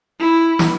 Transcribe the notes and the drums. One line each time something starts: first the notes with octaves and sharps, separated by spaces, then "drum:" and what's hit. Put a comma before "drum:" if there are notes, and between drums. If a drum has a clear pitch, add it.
E4
drum: snare